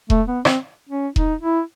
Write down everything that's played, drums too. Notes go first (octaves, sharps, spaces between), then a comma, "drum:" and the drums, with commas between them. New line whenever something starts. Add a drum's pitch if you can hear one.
A3, drum: kick E1
B3
C4, drum: rim click
C#4
D#4, drum: kick E1
E4